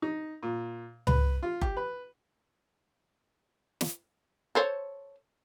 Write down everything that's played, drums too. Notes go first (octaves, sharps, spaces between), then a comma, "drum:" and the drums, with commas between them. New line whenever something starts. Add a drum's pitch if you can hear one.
D#4
A#2
B4, drum: tom C#2
F4
G4, drum: kick F#1
B4
drum: snare
A4 C5 C#5